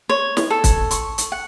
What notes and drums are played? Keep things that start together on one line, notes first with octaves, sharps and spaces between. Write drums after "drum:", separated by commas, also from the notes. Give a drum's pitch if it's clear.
C#5
drum: snare
A4
drum: kick, hi-hat
C#6, drum: hi-hat
drum: hi-hat
F#5